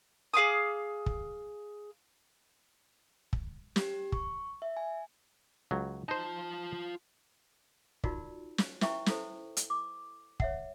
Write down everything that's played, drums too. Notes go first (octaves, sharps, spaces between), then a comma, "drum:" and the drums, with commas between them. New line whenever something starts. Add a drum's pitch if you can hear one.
G#4 F5 D6 D#6
drum: kick
drum: kick
G4, drum: snare
C#6, drum: kick
E5
G#5
C#2 F#3
D#4 F4 C5 A5
D#4 F4 F#4 A#4 D5, drum: kick
drum: snare
E4 B4 E5 G5 A#5 C#6, drum: snare
E4 A4 C5, drum: snare
drum: hi-hat
D6
C#5 E5 F#5, drum: kick